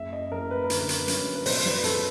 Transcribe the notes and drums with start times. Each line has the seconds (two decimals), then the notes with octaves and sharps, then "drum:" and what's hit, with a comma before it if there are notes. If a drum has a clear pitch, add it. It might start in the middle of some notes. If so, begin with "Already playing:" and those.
Already playing: F#1 E5
0.13 D#5
0.31 F#1 A#4
0.51 B4
0.64 A#4
0.70 D3, drum: hi-hat
0.78 B4
0.89 drum: hi-hat
1.08 F#2, drum: hi-hat
1.35 B4
1.46 B2 C5, drum: open hi-hat
1.65 B4, drum: snare
1.84 C#2 A4, drum: hi-hat